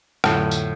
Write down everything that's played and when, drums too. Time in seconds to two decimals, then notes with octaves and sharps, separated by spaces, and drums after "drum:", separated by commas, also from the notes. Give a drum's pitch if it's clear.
0.24 F2 A2 D3 F#3 A3, drum: rim click
0.51 drum: tambourine